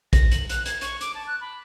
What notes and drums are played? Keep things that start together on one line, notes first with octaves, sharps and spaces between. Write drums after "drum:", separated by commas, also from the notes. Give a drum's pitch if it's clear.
A#6, drum: kick, hi-hat
F#7, drum: hi-hat
F#6, drum: hi-hat
G#6, drum: hi-hat
C#6, drum: hi-hat
D6, drum: hi-hat
A5
F#6
B5